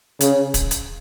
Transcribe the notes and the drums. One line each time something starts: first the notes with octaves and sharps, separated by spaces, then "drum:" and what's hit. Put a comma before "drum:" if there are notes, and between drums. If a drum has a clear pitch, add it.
C#3, drum: hi-hat
drum: kick, hi-hat
drum: hi-hat